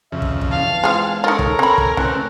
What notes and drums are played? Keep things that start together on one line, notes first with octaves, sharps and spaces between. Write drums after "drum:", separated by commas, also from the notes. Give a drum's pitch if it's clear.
F2 C#3 E5
drum: kick
drum: kick
E2 F5 A5
G#3 C4 F4 G#4
D#4 F4 A4 A#4 C#5
drum: kick
C4 G#5 B5
drum: kick
E3 A3 C4 C#4 F#6, drum: kick